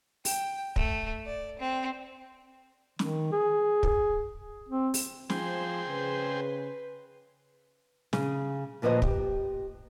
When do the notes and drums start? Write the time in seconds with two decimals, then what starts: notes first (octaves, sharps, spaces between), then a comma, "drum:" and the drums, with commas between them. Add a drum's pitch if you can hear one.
0.25 G5, drum: open hi-hat
0.76 A3, drum: kick
1.26 D5
1.59 C4
2.99 D#3, drum: snare
3.32 G#4
3.83 drum: kick
4.69 C4
4.94 drum: open hi-hat
5.30 F3 G#4 C5 G5, drum: snare
5.89 C#3 B4
8.13 C#3 G#4, drum: snare
8.82 D2 A#2 F3 B4 D#5
9.02 G4, drum: kick